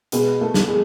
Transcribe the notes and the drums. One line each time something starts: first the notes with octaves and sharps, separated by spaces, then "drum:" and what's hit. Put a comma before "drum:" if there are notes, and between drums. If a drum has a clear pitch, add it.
B2 G#3 B3, drum: hi-hat
A3
drum: snare
G#3